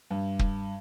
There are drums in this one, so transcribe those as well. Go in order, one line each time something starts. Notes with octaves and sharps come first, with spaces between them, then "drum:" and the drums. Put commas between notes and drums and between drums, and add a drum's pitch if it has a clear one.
G2
drum: kick